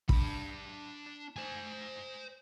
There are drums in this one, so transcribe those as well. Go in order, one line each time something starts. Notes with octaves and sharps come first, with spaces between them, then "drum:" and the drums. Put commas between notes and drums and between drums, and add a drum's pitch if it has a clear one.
D4 B5, drum: kick
C5 G#5